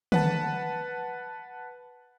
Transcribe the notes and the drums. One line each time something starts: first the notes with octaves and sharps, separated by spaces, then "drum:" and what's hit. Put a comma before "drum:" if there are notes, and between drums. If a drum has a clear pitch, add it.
B4 F#5 A5, drum: tom D3